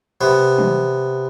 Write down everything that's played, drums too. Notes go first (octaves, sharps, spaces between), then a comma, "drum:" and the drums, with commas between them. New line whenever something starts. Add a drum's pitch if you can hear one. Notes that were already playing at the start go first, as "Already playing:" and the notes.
C3 B3
drum: tom